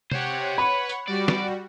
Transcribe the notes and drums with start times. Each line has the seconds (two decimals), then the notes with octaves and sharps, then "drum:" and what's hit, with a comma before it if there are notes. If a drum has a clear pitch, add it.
0.12 G4 C5 C#5 F#5, drum: tom C3
0.58 B4 B5
0.89 drum: tambourine
1.08 G3 F#4 D5
1.28 drum: snare